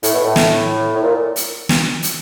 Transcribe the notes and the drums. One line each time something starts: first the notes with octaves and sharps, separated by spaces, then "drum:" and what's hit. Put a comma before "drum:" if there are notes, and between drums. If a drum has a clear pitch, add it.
A2, drum: hi-hat
B2
A2
drum: snare
A2
A#2
drum: hi-hat
drum: snare
drum: hi-hat